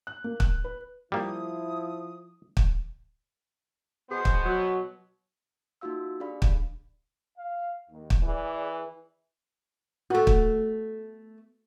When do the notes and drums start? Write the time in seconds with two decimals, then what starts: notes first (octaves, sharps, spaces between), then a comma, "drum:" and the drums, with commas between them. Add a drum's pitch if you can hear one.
0.07 F#6
0.24 A#3
0.40 F#6, drum: kick
0.64 B4
1.12 F3 G3 A#3 E4 D#6
2.57 drum: kick
4.11 B2 B3 G#4 C5
4.25 drum: kick
4.45 F#3
5.81 A#3 D#4 F4 F#4 F5 E6
6.20 D4 G4 G#4 D5 F5 B5
6.42 drum: kick
7.38 F5
7.90 D#2
8.10 drum: kick
8.23 E3 G#4 B4 D5
10.10 A3 B3 F#4
10.27 drum: kick